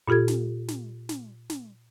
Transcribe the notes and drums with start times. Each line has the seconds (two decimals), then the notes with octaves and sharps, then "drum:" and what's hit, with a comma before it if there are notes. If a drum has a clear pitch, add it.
0.08 A#2 F4 G4 A4 G#6
0.28 drum: snare
0.68 drum: snare
1.09 drum: snare
1.50 drum: snare